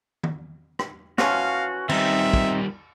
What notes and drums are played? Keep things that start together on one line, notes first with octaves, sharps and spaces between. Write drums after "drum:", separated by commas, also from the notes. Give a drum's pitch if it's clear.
drum: tom D#3
drum: rim click
E3 F3 C#4 F#4 F5, drum: snare
D#3 G3 C4 D#4 E5, drum: cymbal
drum: kick